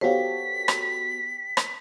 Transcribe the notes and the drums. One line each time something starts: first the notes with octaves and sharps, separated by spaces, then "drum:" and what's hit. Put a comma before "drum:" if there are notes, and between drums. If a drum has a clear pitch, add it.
B3 F#4 G4 A4 C5 C#5 F5 B6
drum: rim click
drum: rim click